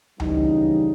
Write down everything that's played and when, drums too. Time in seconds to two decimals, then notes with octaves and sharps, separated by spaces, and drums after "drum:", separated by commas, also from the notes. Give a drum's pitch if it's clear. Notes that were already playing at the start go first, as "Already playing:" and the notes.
0.20 F2 C#3 E3 G3 D#4, drum: tom C#2